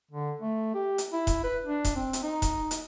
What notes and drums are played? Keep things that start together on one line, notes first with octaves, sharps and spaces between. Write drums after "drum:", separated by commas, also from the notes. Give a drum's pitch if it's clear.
D3
A3
G4
drum: hi-hat
E4
drum: kick D#1, hi-hat
B4
D4
drum: kick D#1, hi-hat
C4
drum: hi-hat
D#4
drum: kick D#1, hi-hat
drum: hi-hat